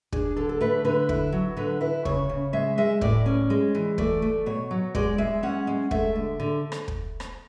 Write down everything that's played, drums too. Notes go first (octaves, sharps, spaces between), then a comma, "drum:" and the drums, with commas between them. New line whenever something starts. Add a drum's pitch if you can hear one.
D4 G#4, drum: kick
D3 A4
A4
A3 B4
D3 B4
E4, drum: kick
F#3
D3 B4
E4 B4
C#3 C#5, drum: kick
C#3
G#3 E5
G#3 E5
A2 D5, drum: kick
C#4
G#3
E3
A3 D5, drum: kick
A3
B2 C#5
F#3
G#3 D5, drum: kick
G#3 E5
C#4 F#5
G#3
A3 E5, drum: kick
D3
D3
drum: rim click
drum: kick
drum: rim click